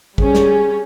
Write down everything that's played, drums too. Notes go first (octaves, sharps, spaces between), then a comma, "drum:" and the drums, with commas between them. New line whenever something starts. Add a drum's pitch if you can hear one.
G3 C#4 G#4, drum: kick
drum: snare